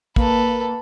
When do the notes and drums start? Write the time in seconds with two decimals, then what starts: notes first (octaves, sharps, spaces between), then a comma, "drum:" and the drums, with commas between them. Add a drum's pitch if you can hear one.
0.16 A#3 A4 B4, drum: kick